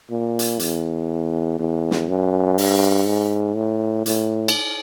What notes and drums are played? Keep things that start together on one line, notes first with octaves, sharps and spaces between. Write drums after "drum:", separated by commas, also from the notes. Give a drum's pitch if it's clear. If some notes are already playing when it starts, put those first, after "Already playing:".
A#2
drum: hi-hat
E2, drum: hi-hat
E2
drum: snare
F#2
G2, drum: open hi-hat
G#2
A2
A2, drum: hi-hat
drum: cymbal